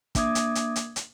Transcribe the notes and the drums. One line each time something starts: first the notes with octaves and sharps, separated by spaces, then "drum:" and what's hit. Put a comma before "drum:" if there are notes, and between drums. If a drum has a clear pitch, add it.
A#3 D4 E5 D6 D#6 G#6, drum: kick, hi-hat
drum: hi-hat
drum: hi-hat
drum: hi-hat
drum: hi-hat